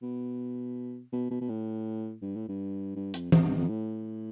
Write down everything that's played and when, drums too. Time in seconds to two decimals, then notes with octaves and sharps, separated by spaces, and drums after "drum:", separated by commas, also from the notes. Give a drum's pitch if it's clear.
0.02 B2
1.13 B2
1.31 B2
1.41 B2
1.49 A2
2.22 G2
2.36 A2
2.48 G2
2.96 G2
3.14 F2, drum: hi-hat
3.32 F2, drum: tom E3
3.45 G2
3.57 F2
3.69 A2